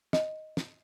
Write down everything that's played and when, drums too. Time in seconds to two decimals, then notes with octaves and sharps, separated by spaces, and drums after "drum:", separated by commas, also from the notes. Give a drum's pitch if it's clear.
0.13 D#5, drum: snare
0.57 drum: snare